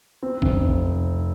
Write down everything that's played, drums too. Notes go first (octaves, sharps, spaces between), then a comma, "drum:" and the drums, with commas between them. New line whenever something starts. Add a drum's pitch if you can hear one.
C4
F1, drum: kick A#1